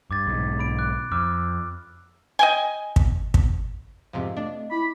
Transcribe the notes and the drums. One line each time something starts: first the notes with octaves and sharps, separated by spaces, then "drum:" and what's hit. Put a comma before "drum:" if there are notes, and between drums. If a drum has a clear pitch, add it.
G2 D6 G#6 A6
B1 G#2
B5 D7
D6 F#6
F2 D6 E6 F6
D#5 G5 G#5
drum: kick
drum: kick
F2 G#2 C3 C4 D#5 F5
A3 D4 D#5
E4 B5 D6